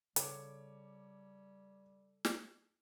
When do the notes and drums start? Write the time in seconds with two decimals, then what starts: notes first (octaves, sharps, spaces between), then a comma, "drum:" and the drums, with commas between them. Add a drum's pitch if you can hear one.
0.16 C#3 G3 A4 C#5 D6, drum: hi-hat
2.25 drum: snare